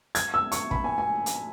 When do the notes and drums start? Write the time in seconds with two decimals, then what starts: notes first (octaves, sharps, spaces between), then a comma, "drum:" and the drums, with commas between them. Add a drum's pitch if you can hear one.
0.15 G#6, drum: hi-hat
0.34 E6
0.52 C#6, drum: hi-hat
0.71 B5, drum: kick
0.84 G#5
0.98 G#5
1.26 drum: hi-hat